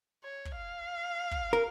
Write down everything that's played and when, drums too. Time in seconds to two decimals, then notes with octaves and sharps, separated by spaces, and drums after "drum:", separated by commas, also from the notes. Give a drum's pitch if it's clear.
0.24 C#5
0.45 drum: kick
0.56 F5
1.31 drum: kick
1.53 A#4